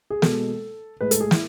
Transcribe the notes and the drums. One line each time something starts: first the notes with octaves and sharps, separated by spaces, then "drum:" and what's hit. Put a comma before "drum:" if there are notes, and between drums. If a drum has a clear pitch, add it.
G#4
B2 G#3 A4, drum: snare
A2 G#3 B4
A4, drum: hi-hat
G#4
E4, drum: snare